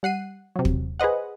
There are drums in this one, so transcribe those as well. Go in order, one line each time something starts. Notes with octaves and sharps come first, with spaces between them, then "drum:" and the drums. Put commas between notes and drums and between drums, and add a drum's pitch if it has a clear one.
G3 F#5 C7 D#7
C3 F#3
drum: kick
G#4 B4 C5 D#5 F#5